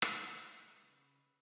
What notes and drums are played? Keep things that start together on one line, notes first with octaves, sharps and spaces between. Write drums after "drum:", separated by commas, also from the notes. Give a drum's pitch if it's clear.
C#3 A4, drum: rim click
G#4
E3 G#3 E4
D#4
C#3 B4